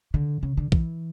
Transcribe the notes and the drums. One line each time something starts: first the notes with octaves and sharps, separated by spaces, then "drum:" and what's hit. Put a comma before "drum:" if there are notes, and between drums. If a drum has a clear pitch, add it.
D3
C#3
D3
E3, drum: kick